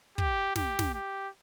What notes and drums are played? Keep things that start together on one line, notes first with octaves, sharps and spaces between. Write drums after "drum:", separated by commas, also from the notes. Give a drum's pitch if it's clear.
G4, drum: kick
G4, drum: snare
drum: snare
G4